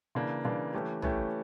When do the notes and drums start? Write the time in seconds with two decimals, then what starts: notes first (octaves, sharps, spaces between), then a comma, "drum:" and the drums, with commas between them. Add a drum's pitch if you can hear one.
0.15 C#3 E3 A#3 D4
0.44 C#3 E3 A#3 D4
0.74 E3 A3 C#4 G4
1.02 E3 A3 C#4 G4, drum: tom A#1